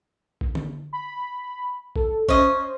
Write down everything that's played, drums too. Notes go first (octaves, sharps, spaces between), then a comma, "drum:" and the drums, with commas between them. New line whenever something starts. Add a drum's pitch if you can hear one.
drum: kick
drum: tom D3
B5
A4, drum: kick
C#4 C5 D#5, drum: kick